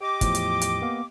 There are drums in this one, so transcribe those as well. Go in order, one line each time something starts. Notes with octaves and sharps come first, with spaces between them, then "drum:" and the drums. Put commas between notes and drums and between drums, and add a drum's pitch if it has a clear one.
G4 D#5 D6
E2 A2 F3, drum: kick, hi-hat
drum: hi-hat
drum: hi-hat
A#3 B3 F5